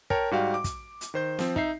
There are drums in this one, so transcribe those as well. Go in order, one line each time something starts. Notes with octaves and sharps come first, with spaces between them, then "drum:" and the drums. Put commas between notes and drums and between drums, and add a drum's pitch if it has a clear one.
A#4 C#5 G5 A5, drum: kick
G#2 G3 F#4 D5 F5 G5
D6
drum: kick, hi-hat
drum: hi-hat
D#3 C5 G6
F3 C4, drum: snare
D#4 E5 C7, drum: kick